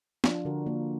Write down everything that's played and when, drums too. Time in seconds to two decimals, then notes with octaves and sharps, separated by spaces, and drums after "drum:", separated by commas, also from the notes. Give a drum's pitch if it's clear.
0.24 F3 D4 F4, drum: snare
0.45 D3 F#4 A#4
0.66 A#3